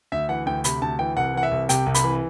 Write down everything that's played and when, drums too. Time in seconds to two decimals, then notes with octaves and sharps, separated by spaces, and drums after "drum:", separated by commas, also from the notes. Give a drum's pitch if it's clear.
0.12 D2 E5
0.29 E3 F#5
0.46 D2 G5
0.64 C3 B5, drum: hi-hat
0.82 D2 A5
0.99 E3 G5
1.16 C2 F#5
1.34 E3 F#5
1.43 E5
1.51 C2
1.69 C3 G5, drum: hi-hat
1.86 C2
1.95 B5, drum: hi-hat
2.04 E3